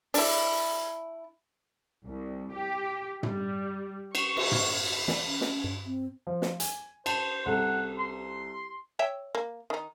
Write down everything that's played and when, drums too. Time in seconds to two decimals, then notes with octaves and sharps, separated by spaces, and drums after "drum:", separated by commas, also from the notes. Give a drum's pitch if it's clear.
0.14 D4 E4, drum: open hi-hat
2.06 C2
2.54 G4
3.23 G3, drum: tom
4.15 C#6, drum: cymbal
4.37 drum: cymbal
4.52 drum: tom
5.08 E3 D5, drum: snare
5.27 C#4
5.41 drum: snare
5.64 G2
5.86 C4
6.27 F3
6.42 drum: snare
6.60 G#5, drum: hi-hat
7.06 C5 A5 C6, drum: cymbal
7.46 C2 A4 F#5
7.99 C6
8.99 C#5 E5 G5
9.35 A#3
9.70 D#3 D#4